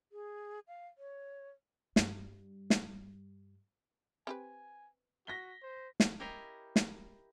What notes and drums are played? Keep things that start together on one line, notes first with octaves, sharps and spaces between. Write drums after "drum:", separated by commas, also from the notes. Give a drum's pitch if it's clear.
G#4
F5
C#5
G2 G3, drum: snare
drum: snare
C4 G4 B4 G#5
F#4 A#6 B6 G7
C5
drum: snare
E4 G4 A#4 C#5 D#5 F5
drum: snare